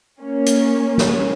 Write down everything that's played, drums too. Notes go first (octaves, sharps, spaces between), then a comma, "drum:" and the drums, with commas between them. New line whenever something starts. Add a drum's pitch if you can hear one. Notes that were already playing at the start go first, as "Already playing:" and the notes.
A#3 C#4
drum: hi-hat
drum: snare